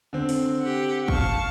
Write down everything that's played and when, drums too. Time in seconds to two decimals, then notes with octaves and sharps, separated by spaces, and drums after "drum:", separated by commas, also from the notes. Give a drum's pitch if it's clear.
0.13 D3 C4
0.29 drum: open hi-hat
0.61 G4 F#5
1.08 F5 A5 C#6, drum: kick